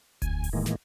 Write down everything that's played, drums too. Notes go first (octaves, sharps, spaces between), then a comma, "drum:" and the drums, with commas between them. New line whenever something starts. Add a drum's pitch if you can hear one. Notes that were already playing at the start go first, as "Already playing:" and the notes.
D2 G#5, drum: kick E1, hi-hat
drum: open hi-hat
A2 D#3 E3 G#3 A#3
drum: snare